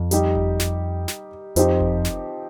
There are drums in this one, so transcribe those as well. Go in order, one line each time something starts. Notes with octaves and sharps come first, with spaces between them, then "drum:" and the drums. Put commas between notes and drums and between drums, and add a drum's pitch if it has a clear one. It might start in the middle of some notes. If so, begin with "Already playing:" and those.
Already playing: F2
G3 D#4 G4, drum: hi-hat
drum: kick F#1
drum: snare
drum: snare
F2 F3 C4 D#4 G4, drum: hi-hat
drum: kick F#1
drum: snare